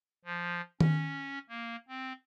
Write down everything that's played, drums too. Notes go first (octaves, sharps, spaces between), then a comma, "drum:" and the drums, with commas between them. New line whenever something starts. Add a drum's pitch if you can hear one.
F3
C#4, drum: tom D#3
A#3
C4